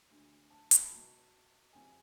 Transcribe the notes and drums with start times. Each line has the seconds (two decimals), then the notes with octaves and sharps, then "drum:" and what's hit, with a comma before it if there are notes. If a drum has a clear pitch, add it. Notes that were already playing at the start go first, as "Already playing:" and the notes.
0.10 D2 D3 G#3
0.50 A5
0.71 B5, drum: hi-hat
0.82 B5
0.91 C#2 B2 F#3 A5
1.73 F1 F2 C#3 G#3 G#5